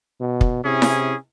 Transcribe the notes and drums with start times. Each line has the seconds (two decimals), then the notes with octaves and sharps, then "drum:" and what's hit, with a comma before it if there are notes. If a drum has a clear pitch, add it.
0.20 B2
0.41 drum: kick
0.65 C3 C#4 E4 G#4
0.82 drum: snare E4